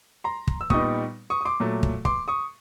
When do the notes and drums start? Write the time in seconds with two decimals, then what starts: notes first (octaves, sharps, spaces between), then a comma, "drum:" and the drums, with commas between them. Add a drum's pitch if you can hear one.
0.24 A#5 C6
0.47 drum: kick
0.61 E6
0.70 A#2 G3 B3 D#4 C#6 D#6, drum: kick
1.30 C#6 D#6
1.41 D#6
1.45 C6 D6
1.60 A#2 F#3 A3
1.83 drum: kick
2.05 C6 D6, drum: kick
2.28 C#6 D#6